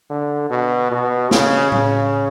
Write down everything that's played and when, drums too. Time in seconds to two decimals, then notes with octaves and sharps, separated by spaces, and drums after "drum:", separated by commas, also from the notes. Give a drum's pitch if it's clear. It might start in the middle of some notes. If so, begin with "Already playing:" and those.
0.10 D3
0.50 B2
0.91 B2
1.31 C#3, drum: snare
1.72 C#3, drum: tom A2